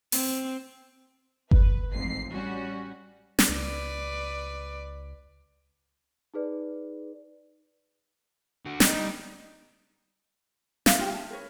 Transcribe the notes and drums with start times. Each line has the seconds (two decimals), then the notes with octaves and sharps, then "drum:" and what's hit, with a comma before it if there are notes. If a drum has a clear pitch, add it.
0.12 C4, drum: open hi-hat
1.51 B4, drum: kick G1
1.92 A1 F2 G#2 C7
2.30 G3 C#4 F#4
3.39 drum: snare
3.49 C#2 B4 D5
6.34 D#4 G#4 B4 D5
8.66 D3 F#4
8.80 G3 D#4 G4, drum: snare
10.86 E5 F5, drum: snare
10.98 F4 G4 F5
11.13 A5
11.30 A#4 B4 C#5